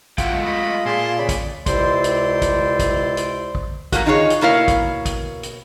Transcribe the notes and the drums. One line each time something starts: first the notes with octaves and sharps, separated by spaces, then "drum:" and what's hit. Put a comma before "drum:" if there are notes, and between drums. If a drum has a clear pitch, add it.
E3 F4 F#4 E5 F#5 G5, drum: kick, hi-hat
G#3 A3
D#5 B5
A#2 G#4 A5 C6
C#3 D5 B5
drum: kick, hi-hat
C#2 C3 E4 C5 D5 C6, drum: kick, hi-hat
drum: hi-hat
drum: kick, hi-hat
drum: kick, hi-hat
drum: hi-hat
drum: kick
F3 F#3 A#3 F#4, drum: kick, hi-hat
D#3 D4 D#4 F4 G#4 C#5
drum: hi-hat
B2 A#3 E4 A#4 C#5 F5
drum: kick, hi-hat
drum: kick, hi-hat
drum: hi-hat